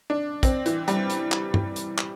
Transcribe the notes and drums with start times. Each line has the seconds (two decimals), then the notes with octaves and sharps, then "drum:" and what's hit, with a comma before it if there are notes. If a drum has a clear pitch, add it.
0.10 D4
0.43 C4, drum: kick, hi-hat
0.66 E3, drum: hi-hat
0.88 G3, drum: hi-hat
1.10 drum: hi-hat
1.32 drum: clap
1.54 drum: tom G2
1.76 drum: hi-hat
1.98 drum: clap